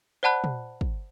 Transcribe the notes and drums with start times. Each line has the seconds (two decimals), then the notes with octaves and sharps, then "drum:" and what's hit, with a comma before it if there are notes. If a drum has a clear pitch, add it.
0.23 C5 D5 F#5 A5 B5 F#6
0.44 drum: tom
0.81 drum: kick